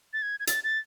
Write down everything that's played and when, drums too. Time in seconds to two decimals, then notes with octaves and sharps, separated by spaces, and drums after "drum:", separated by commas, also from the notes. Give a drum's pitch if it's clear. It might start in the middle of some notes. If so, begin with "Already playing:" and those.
0.13 A6
0.22 G#6
0.40 G#6
0.47 A6, drum: hi-hat
0.64 A6